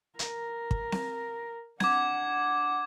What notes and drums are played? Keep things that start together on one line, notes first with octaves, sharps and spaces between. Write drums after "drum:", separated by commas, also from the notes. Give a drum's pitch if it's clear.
A#4, drum: hi-hat
drum: kick
drum: snare C4
D4 F#5 D6 G#6, drum: snare C4